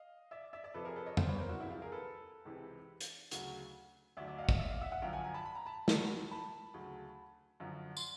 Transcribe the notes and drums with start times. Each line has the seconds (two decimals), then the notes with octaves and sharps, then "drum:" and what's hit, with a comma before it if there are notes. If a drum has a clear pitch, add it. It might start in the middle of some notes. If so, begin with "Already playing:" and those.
Already playing: D#5 F5
0.31 D5 E5
0.53 D5 E5
0.64 D5 E5
0.74 F2 C3 F3 A4 B4
0.85 G#4 A#4
0.96 A4 B4
1.06 C#5 D#5
1.17 C5 D5, drum: tom F2
1.28 B4 C#5
1.38 A#4 C5
1.49 E4 F#4
1.59 C#2 C3 F3 E4
1.70 F4
1.82 G#4 A#4
1.92 A4 B4
2.45 C#2 C3 E3
3.01 drum: hi-hat
3.31 D2 C#3 F#3, drum: hi-hat
4.17 D2 D3 F#3 D5 E5
4.27 D5 E5
4.38 D#5 F5
4.44 F#5
4.49 D#5 F5, drum: kick
4.59 D5 E5
4.70 D#5 F5
4.81 E5 F#5
4.92 E5 F#5
5.02 F#2 D3 F3 F5 G5
5.13 F#5 G#5
5.24 G#5 A#5
5.34 A5 B5
5.45 B5
5.55 A#5
5.66 A5 B5
5.88 D#2 D#3 F#3, drum: snare
6.31 A5 B5
6.74 D2 C#3 F#3
7.60 F#2 D3 F3
7.97 C6, drum: tambourine